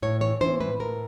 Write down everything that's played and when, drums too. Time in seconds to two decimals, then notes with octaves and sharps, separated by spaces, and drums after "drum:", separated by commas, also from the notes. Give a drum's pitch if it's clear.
0.02 A2 C#5
0.21 E3 C#5
0.41 E3 C5, drum: tom
0.61 A2 B4
0.80 A2 A#4